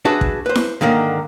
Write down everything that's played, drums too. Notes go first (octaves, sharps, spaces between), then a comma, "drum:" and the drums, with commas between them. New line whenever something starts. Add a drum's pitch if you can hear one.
D4 F#4 G#4 B4 E5
drum: kick
B4 C5
drum: snare E4
G#2 D3 D#3 A#3